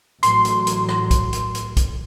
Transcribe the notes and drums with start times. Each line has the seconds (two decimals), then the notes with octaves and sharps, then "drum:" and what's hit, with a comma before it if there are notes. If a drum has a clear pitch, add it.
0.23 A1 A2 F#3 C6, drum: hi-hat
0.45 drum: hi-hat
0.67 drum: hi-hat
0.89 drum: rim click
1.11 drum: kick B1, hi-hat
1.33 drum: hi-hat
1.55 drum: hi-hat
1.77 drum: kick B1, hi-hat